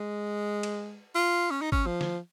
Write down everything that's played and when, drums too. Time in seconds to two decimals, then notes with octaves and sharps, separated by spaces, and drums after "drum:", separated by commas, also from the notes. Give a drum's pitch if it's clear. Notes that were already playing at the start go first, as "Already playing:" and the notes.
Already playing: G#3
0.63 drum: cymbal
1.15 F4
1.51 C#4
1.62 D#4
1.72 C#4, drum: kick
1.86 F3
2.01 drum: snare